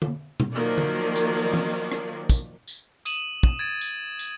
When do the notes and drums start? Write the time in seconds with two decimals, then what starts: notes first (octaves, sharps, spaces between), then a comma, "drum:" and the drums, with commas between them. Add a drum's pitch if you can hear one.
0.02 drum: tom
0.40 drum: tom B2
0.53 D#3 F3 F#3 A#3 D5
0.78 drum: tom
1.16 drum: tambourine
1.54 drum: tom E3
1.92 drum: rim click
2.30 drum: kick, tambourine
2.67 drum: tambourine
3.05 D#6 D#7 E7 F#7, drum: tambourine
3.43 drum: kick
3.59 G#6 A6 D7
3.81 drum: tambourine
4.19 drum: tambourine